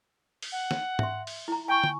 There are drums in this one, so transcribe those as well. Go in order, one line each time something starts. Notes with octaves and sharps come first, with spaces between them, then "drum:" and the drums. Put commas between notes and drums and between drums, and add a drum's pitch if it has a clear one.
drum: open hi-hat
F#5
drum: snare
E5 C6, drum: tom
drum: open hi-hat
E4 A#5
G5 G#5 C#6
drum: tom